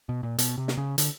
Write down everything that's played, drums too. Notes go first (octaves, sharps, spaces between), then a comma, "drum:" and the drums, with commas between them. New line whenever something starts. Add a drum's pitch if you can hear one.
B2
A#2
B2, drum: hi-hat
C3
drum: snare
C#3
D3, drum: hi-hat